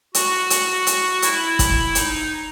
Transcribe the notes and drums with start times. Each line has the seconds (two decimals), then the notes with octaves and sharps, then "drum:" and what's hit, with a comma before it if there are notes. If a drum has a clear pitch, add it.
0.14 F#4, drum: hi-hat
0.50 drum: hi-hat
0.87 drum: hi-hat
1.22 E4, drum: hi-hat
1.59 drum: kick, hi-hat
1.95 D#4, drum: hi-hat